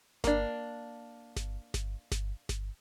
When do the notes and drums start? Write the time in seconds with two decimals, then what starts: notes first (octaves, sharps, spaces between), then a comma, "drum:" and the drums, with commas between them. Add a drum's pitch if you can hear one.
0.24 A#3 D4, drum: snare G1
1.36 drum: snare G1
1.74 drum: snare G1
2.12 drum: snare G1
2.49 drum: snare G1